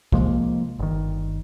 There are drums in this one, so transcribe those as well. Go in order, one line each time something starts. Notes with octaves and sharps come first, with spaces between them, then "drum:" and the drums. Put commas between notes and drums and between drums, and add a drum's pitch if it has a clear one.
C3 F3 G#3 A#3, drum: kick
G1 D#3